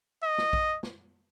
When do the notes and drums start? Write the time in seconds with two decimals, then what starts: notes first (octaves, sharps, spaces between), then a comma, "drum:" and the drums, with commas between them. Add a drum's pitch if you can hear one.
0.24 D#5
0.38 drum: snare
0.53 drum: kick
0.83 drum: snare